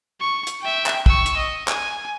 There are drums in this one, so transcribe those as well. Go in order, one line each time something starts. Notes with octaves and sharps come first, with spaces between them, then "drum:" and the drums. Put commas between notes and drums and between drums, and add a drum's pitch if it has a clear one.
C#6
drum: hi-hat
E5 G5
drum: clap
C#6 E6, drum: kick
drum: hi-hat
D#5
G#5, drum: clap